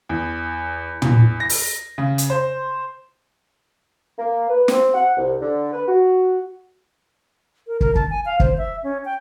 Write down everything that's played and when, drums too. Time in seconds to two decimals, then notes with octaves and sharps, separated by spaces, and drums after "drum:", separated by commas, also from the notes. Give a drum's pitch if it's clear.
0.09 E2
1.02 E2, drum: tom
1.40 A#6
1.49 drum: open hi-hat
1.98 C#3
2.18 drum: hi-hat
2.30 C5
4.18 A#3
4.49 B4
4.68 C4, drum: snare
4.94 F#5
5.16 C2
5.40 D3
5.72 B4
5.86 F#4
7.67 A#4
7.81 A#4, drum: kick
7.95 A5, drum: kick
8.10 G#5
8.26 F5
8.40 C5, drum: kick
8.58 E5
8.84 C#4
9.05 G5